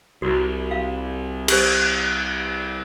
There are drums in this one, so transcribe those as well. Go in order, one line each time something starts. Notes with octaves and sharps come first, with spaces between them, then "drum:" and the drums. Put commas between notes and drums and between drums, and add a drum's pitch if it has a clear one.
C2 F#4
F5
G4 C5, drum: cymbal